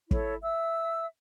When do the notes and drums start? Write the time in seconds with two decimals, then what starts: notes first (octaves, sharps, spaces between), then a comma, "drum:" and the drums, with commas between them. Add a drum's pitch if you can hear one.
0.11 E4 A4 C#5, drum: kick
0.42 E5 E6